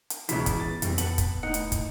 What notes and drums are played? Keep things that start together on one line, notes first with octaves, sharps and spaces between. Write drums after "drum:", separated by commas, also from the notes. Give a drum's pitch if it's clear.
drum: hi-hat
C#2 C#3 E3 B3 B6, drum: hi-hat
drum: kick, hi-hat
A6
F2 E3 G3 C4, drum: hi-hat
B3 A4 B4 F#7, drum: hi-hat
drum: kick, hi-hat
D#1 A2 D#4 F#5
drum: hi-hat
drum: kick, hi-hat